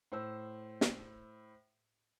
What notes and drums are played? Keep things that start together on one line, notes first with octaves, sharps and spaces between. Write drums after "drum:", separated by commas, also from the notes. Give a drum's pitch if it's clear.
A2 C5 E6
drum: snare